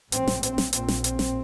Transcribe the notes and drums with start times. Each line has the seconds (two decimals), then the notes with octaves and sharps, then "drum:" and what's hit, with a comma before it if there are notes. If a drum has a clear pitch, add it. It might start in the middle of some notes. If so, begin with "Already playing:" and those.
0.12 A#1 A2 C4, drum: hi-hat
0.28 drum: snare
0.43 C4, drum: hi-hat
0.58 drum: snare
0.73 A#1 A#2 C4, drum: hi-hat
0.88 drum: snare
1.04 C4, drum: hi-hat
1.19 drum: snare